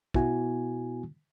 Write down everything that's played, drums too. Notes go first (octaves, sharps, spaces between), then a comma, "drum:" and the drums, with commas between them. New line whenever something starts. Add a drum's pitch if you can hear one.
B2 B3 E4 F#4 G#5, drum: kick